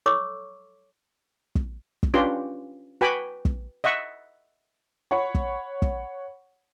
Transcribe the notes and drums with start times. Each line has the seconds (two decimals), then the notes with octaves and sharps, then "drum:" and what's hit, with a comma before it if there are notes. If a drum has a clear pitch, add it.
0.06 A4 C#5 C#6 D6 E6
1.55 drum: kick
2.03 drum: kick
2.14 C#4 D4 F4 G4 B4 C6
3.01 F#4 B4 G5 G#5 B5 D6
3.45 drum: kick
3.84 D#5 E5 F#5 C#6
5.11 C#5 F#5 B5 C#6
5.35 drum: kick
5.82 drum: kick